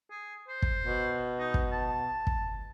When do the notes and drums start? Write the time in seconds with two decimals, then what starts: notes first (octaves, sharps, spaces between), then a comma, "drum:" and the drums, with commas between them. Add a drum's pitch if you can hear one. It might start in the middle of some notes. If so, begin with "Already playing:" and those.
0.11 G#4
0.48 C5
0.62 drum: kick
0.85 B2
1.39 D#4
1.54 drum: kick
1.72 A5
2.27 drum: kick